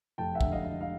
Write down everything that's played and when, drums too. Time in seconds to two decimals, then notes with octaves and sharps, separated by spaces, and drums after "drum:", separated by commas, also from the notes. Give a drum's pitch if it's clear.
0.18 F1 G5 A5
0.35 E5 F#5
0.41 D3, drum: kick
0.52 D#5 F5
0.63 D3
0.81 F5